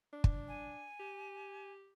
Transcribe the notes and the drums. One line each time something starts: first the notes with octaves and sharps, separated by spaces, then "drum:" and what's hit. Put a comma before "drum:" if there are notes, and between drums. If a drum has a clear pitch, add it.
D4
drum: kick
G#5
G4